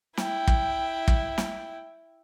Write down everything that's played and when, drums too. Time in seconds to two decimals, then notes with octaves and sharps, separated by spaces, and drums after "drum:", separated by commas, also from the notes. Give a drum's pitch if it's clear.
0.17 E4 G5, drum: snare
0.47 drum: kick
1.08 drum: kick
1.38 drum: snare